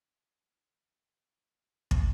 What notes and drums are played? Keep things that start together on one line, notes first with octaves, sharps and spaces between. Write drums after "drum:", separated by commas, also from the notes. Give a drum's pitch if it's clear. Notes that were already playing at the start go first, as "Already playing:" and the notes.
Already playing: D4 F4
C4
D4
C4
A#3
drum: kick